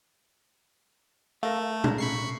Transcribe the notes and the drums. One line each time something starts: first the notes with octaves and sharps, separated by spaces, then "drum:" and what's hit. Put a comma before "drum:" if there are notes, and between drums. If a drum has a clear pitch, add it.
A3 A4 A#4 F5
G#4 A#5, drum: tom A#2
B5 C#6 C7